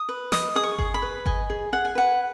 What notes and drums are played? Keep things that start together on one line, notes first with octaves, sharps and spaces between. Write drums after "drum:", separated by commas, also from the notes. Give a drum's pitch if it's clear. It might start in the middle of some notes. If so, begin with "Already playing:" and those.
Already playing: D#6
B4
D#5 D#6, drum: snare
G#4 D#6
C#6
G#4, drum: kick G1
B5
B4
D#5 G#5, drum: kick G1
G#4
G#4 F#5
G#5
B4 F#5